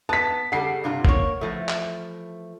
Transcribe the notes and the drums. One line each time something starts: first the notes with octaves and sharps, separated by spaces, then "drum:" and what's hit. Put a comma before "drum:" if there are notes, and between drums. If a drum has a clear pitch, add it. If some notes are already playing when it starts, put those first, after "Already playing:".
B3 A5 B6
C#3 G3 A4 F#5 C7
G2 C3 F4
A#3 C#5, drum: kick G#1
E3 F3 A3
drum: clap